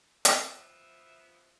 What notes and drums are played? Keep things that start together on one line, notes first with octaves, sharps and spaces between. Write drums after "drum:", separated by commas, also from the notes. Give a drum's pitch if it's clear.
F3 B3 E5, drum: hi-hat